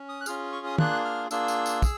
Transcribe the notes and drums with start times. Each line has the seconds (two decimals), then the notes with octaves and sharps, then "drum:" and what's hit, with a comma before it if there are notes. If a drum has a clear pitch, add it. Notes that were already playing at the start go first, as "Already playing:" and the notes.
Already playing: C#4
0.09 D#6
0.21 F#6
0.26 C#4 F4 G#4 F6, drum: tambourine
0.52 C#6
0.66 D#6
0.78 A#3 D4 F4 G#4 F#6, drum: tom
1.05 F6
1.31 A#3 D4 F4 G#4 E6, drum: tambourine
1.48 drum: tambourine
1.66 drum: tambourine
1.82 G#4, drum: kick, tambourine